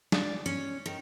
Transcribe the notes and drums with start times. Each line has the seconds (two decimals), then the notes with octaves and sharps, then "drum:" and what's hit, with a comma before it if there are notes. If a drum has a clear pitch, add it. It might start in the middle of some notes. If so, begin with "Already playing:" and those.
0.12 D5, drum: snare
0.46 C#4
0.86 D#3